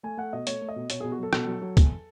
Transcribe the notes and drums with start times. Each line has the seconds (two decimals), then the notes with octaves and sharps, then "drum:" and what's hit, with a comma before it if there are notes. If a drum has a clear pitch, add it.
0.03 A3 G#5
0.17 A3 F#5
0.33 B2 D#5
0.47 A3 C#5, drum: hi-hat
0.61 A3
0.69 D#5
0.76 B2
0.90 B2 C#5, drum: hi-hat
1.00 B2 G#4
1.12 F#4
1.19 F#3 A4
1.33 B2 A4, drum: rim click
1.47 F#3
1.62 F#3
1.77 E2, drum: kick, hi-hat